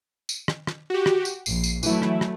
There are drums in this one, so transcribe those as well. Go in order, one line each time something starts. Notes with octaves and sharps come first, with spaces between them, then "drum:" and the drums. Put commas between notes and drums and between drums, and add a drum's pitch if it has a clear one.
drum: tambourine
drum: rim click
drum: rim click
F#4 G4
drum: rim click
drum: tambourine
A#1 C7, drum: tambourine
drum: tambourine
E3 F#3 A3 E4, drum: tambourine
drum: rim click
drum: rim click